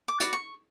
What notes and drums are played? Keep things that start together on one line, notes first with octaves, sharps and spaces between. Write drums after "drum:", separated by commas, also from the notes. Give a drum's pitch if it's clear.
D6
F#4 B4 D5, drum: hi-hat
C#6